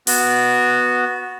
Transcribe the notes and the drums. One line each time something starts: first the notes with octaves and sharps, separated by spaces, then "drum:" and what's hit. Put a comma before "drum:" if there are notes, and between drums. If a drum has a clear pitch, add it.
B3 F#4, drum: open hi-hat